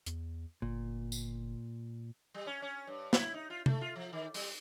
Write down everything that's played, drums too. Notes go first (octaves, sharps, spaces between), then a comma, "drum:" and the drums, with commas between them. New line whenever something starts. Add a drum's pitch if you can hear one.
E2, drum: hi-hat
G1 A#2
drum: tambourine
G3
C#4
C#4
G2
E4, drum: snare
D#4
F4
A3, drum: tom C3
F4
F3
D#3
G3, drum: open hi-hat